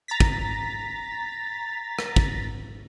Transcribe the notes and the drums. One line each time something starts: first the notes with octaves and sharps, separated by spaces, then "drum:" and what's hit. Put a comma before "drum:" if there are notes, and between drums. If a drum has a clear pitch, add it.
A#5 A6 B6
drum: kick
drum: rim click
drum: kick